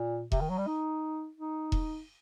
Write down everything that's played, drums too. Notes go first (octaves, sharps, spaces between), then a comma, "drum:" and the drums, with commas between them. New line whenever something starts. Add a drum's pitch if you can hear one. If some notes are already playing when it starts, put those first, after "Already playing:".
Already playing: A#2
C3, drum: kick E1
D#3
F#3
G3
D#4
D#4
drum: kick E1